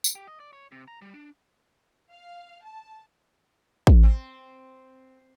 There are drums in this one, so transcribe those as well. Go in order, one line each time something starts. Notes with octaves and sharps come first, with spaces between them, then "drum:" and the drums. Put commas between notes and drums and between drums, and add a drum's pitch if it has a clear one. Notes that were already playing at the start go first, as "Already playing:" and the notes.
drum: tambourine
G4
D#5
D5
C#5
C3
A#5
G3
D4
F5
A5
drum: kick A1
C4